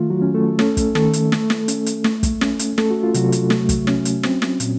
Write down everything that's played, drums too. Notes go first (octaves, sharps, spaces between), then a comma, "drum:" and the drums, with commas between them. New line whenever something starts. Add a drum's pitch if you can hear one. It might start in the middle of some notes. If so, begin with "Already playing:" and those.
Already playing: D#3 A3 F4
F#3 F#4
C#4
A3 A4
A3 C#4 A4, drum: snare
drum: kick, hi-hat
D#3 A3 A4, drum: snare
drum: hi-hat
A3, drum: snare
drum: snare
C#4, drum: hi-hat
drum: hi-hat
A3, drum: snare
drum: kick, hi-hat
C#4, drum: snare
drum: hi-hat
A3 A4, drum: snare
F#4
F4
C3 F#3 F#4, drum: hi-hat
drum: hi-hat
A3, drum: snare
drum: kick, hi-hat
C#4, drum: snare
drum: hi-hat
C4, drum: snare
drum: snare
A#2, drum: hi-hat